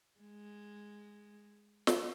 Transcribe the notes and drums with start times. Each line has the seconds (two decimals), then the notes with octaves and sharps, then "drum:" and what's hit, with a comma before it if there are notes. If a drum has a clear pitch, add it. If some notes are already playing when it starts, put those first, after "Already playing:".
0.20 G#3
1.87 drum: snare